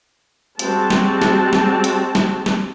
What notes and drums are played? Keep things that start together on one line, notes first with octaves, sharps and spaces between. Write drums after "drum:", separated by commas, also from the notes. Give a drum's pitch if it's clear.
G3 G#3 C4 F#4 A5, drum: hi-hat
drum: snare
drum: snare
drum: snare
drum: hi-hat
drum: snare
drum: snare